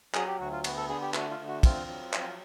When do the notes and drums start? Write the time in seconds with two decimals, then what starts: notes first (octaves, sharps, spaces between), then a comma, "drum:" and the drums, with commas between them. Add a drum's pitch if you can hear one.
0.14 F#3 G#4, drum: clap
0.28 G4
0.39 D2 F#4
0.51 F4
0.64 B3 F#4, drum: cymbal
0.77 A4
0.89 D3 G#4
1.02 G4
1.14 A3 F#4, drum: clap
1.31 F4
1.39 D3
1.47 F#4
1.63 C4 F4, drum: kick, cymbal
1.89 F#3
2.13 F3, drum: clap